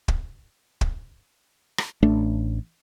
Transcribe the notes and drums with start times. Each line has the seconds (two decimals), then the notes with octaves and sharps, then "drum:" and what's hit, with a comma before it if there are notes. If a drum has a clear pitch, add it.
0.08 drum: kick
0.81 drum: kick
1.78 drum: rim click
2.03 A1 A3 D4